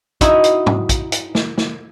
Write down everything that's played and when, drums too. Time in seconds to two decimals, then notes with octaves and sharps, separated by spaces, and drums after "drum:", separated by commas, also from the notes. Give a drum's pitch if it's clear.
0.21 D#4 E4 F#4, drum: kick, hi-hat
0.44 drum: hi-hat
0.66 drum: tom G#2
0.89 drum: kick, hi-hat
1.12 drum: hi-hat
1.35 drum: snare
1.58 drum: snare